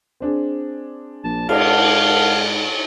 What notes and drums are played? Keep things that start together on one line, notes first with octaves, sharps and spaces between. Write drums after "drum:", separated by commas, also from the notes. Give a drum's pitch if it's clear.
C4 D4 G#4
A#1 A5
G#2 A#4 F5 F#5 A5, drum: cymbal